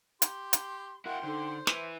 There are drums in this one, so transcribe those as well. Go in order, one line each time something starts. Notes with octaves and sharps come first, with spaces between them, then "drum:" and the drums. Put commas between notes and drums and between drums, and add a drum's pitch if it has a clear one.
G4 C6, drum: hi-hat
drum: hi-hat
E4 F#4 A#4 F#5 G5 C6
D3 D#4 A4 C5
E4 B4 E5 D#7, drum: snare